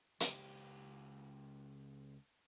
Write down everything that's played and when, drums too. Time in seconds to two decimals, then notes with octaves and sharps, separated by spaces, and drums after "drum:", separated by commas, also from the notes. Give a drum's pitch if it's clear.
0.20 C#2 G4, drum: hi-hat